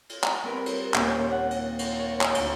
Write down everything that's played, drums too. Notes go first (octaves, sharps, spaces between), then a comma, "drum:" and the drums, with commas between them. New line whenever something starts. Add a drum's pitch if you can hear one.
drum: cymbal
drum: clap
G3 C4 A#4 B4
drum: cymbal
D#2 A#2 C#4 G5, drum: clap
F#5
drum: cymbal
drum: cymbal
C#5
drum: clap
D2, drum: cymbal